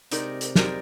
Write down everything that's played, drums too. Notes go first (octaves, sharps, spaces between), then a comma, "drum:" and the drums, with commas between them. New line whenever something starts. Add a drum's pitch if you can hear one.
C3 G#3 D#4 G4 A#4 D5, drum: hi-hat
drum: hi-hat
G#3 D#4 G4 A#4 D5, drum: snare